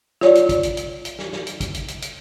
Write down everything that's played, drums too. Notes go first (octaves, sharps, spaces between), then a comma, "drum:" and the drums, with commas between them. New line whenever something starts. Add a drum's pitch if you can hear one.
F4 C#5 D5, drum: snare
drum: hi-hat
drum: kick, hi-hat
drum: hi-hat
drum: hi-hat
drum: hi-hat
drum: snare
drum: snare
drum: hi-hat
drum: kick, hi-hat
drum: hi-hat
drum: hi-hat
drum: hi-hat